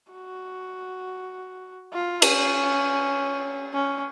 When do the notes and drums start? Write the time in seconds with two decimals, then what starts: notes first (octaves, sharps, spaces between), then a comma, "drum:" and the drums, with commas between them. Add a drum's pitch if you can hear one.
0.12 F#4
1.93 F4
2.22 C#4, drum: cymbal
3.73 C#4